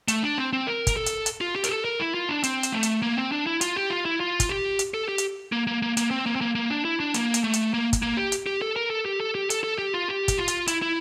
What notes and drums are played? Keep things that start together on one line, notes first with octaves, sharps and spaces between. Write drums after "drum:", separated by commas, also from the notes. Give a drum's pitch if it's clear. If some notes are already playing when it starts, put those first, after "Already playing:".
A3, drum: hi-hat
D4
C4
C4
A#4
drum: kick, hi-hat
A4
drum: hi-hat
drum: hi-hat
F4
G4
A#4, drum: hi-hat
A4
A#4
E4
F4
D4
C4, drum: hi-hat
drum: hi-hat
A3
drum: hi-hat
A#3
C4
D4
E4
F4, drum: hi-hat
G4
F4
E4
F4
drum: kick, hi-hat
G4
drum: hi-hat
A4
G4
drum: hi-hat
A#3
A#3
A#3
A#3, drum: hi-hat
C4
A#3
C4
A#3
A#3
D4
E4
D4
A#3, drum: hi-hat
drum: hi-hat
A3
drum: hi-hat
A#3
drum: kick, hi-hat
A#3
G4
drum: hi-hat
G4
A4
A#4
A4
G4
A4
G4
A4, drum: hi-hat
A4
G4
F4
G4
drum: kick, hi-hat
F4
drum: hi-hat
E4, drum: hi-hat
E4